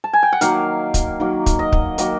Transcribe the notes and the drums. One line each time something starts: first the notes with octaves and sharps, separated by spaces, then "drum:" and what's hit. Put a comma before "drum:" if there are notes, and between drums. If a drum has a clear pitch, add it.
A5
G#5
G5
F#5
D#3 F#3 A#3 F5, drum: hi-hat
drum: kick, hi-hat
D#3 F#3 A#3
drum: kick, hi-hat
D#5
drum: kick
D#3 F#3 A#3 D#5, drum: hi-hat